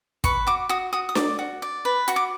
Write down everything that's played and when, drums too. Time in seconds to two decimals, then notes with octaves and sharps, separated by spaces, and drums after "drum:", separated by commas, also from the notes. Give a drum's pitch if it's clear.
0.24 B4 C#6, drum: kick, hi-hat
0.47 F#4 D6
0.69 F#4 D#6
0.93 F#4 D#6
1.09 D#6
1.15 D5 D6, drum: snare D4
1.39 F#4
1.62 D5
1.85 B4
2.08 F#4 C#6, drum: hi-hat
2.16 D6